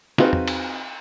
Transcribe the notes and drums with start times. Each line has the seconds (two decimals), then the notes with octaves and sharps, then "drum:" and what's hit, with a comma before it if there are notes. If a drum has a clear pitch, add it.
0.18 C4 D#4 F4 F#4 G#4 B4, drum: snare
0.33 drum: tom E2
0.48 drum: cymbal